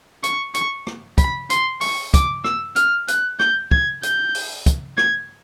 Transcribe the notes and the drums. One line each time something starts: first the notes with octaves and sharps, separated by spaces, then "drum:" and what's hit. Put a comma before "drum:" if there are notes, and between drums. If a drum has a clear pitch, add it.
C#6, drum: hi-hat
C#6, drum: hi-hat
drum: rim click
B5, drum: kick, hi-hat
C6, drum: hi-hat
C#6, drum: open hi-hat
D6, drum: kick, hi-hat
E6, drum: rim click
F6, drum: hi-hat
F#6, drum: hi-hat
G6, drum: rim click
G#6, drum: kick
G6, drum: hi-hat
drum: open hi-hat
drum: kick, hi-hat
G#6, drum: rim click